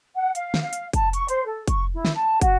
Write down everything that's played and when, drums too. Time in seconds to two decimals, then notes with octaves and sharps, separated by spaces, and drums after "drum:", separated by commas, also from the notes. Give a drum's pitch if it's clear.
0.15 F#5
0.35 F5, drum: hi-hat
0.54 drum: snare
0.63 F5
0.73 drum: hi-hat
0.93 A5, drum: kick, hi-hat
1.13 C#6, drum: hi-hat
1.28 C5, drum: hi-hat
1.45 A4
1.68 C#6, drum: kick, hi-hat
1.94 E4
2.05 drum: snare
2.15 A5
2.41 F#4, drum: kick, hi-hat